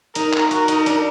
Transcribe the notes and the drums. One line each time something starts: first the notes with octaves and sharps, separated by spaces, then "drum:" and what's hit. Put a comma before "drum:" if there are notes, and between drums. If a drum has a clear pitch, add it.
D#4 A#4, drum: hi-hat
drum: clap
F#4 A#4, drum: hi-hat
D#4, drum: hi-hat
D4, drum: hi-hat